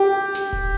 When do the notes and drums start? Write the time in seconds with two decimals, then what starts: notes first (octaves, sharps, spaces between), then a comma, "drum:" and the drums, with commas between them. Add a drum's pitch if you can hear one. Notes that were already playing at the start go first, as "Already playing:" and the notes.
Already playing: G4
0.35 drum: snare
0.53 drum: kick D#1, hi-hat